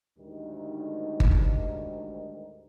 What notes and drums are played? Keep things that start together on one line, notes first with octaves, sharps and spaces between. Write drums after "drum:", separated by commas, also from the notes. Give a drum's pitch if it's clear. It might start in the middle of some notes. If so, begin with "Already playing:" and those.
D2 G#2 D#3 G3 D#4
drum: kick G1